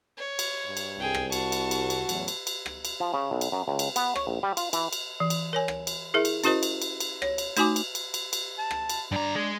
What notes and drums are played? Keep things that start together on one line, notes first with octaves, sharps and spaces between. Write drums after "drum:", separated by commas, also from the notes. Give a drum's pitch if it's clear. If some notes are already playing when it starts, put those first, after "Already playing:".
C#5
drum: cymbal
G2
drum: cymbal
C2 G#4 G5
drum: rim click
F#4 A5 C#6, drum: cymbal
drum: cymbal
drum: cymbal
drum: cymbal
A1 E2 F#3, drum: cymbal
drum: cymbal
drum: cymbal
drum: rim click
drum: cymbal
F3
C#3
B1
drum: cymbal
F#2
C#2
drum: cymbal
B3, drum: cymbal
C#5, drum: rim click
A#1
G3
F4, drum: cymbal
E3, drum: cymbal
drum: cymbal
E3
drum: cymbal
A#4 C#5 G#5
drum: rim click
drum: cymbal
E4 G#4 A#4 E5
drum: cymbal
C#4 E4 F#4 A#4 C5 D#5, drum: cymbal
drum: cymbal
drum: cymbal
drum: cymbal
C#5, drum: rim click
drum: cymbal
A3 D#4 F#4 G#5 D6, drum: cymbal
drum: cymbal
drum: cymbal
drum: cymbal
drum: cymbal
A5
drum: rim click
drum: cymbal
G2 D4 A#5
G#3 G#4